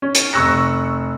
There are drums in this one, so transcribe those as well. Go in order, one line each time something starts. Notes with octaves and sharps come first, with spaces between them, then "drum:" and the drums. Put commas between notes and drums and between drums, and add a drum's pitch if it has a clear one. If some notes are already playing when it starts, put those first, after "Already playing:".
C#4
drum: hi-hat
F1 C#6 E6 F#6 A#6 C#7